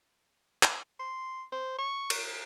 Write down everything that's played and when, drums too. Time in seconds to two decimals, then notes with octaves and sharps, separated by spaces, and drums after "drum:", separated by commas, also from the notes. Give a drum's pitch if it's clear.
0.63 drum: clap
1.00 C6
1.52 C5
1.79 C#6
2.10 drum: cymbal